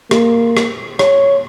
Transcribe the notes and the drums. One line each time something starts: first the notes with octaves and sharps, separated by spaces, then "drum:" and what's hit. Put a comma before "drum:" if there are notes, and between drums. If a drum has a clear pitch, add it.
A#3, drum: rim click
drum: rim click
C#5, drum: rim click